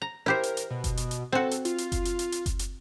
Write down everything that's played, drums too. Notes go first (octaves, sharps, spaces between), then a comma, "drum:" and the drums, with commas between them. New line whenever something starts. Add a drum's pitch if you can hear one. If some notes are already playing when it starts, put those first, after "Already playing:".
A#5
E4 G4 A#4 C5
drum: hi-hat
drum: hi-hat
B2
drum: kick F#1, hi-hat
drum: hi-hat
drum: hi-hat
C4 F#4 A4
drum: hi-hat
F4, drum: hi-hat
drum: hi-hat
drum: kick F#1, hi-hat
drum: hi-hat
drum: hi-hat
drum: hi-hat
drum: kick F#1, hi-hat
drum: hi-hat